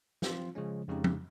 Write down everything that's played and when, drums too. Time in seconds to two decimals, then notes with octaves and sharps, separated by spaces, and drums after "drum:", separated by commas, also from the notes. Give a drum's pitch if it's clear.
0.22 F3 C4 F4, drum: snare
0.55 C#3 F3 G#3 C#4
0.88 F2 C#3 G#3 D#4 G4
1.04 drum: tom